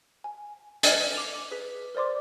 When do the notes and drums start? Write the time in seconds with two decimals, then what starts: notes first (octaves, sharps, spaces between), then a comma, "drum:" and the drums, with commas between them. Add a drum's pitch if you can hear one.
0.24 G#5
0.83 F6 G#6 A6, drum: hi-hat
1.16 D6 F7
1.51 G#4 B4 B6
1.95 A#4 C5 D5 C6 D6